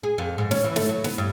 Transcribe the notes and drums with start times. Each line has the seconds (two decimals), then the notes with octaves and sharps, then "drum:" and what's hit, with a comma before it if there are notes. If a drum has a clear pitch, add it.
0.03 G#4
0.18 F2
0.38 G#2
0.51 C#4, drum: snare
0.64 E3
0.76 A3, drum: snare
0.89 F#3
1.04 B3, drum: snare
1.18 G2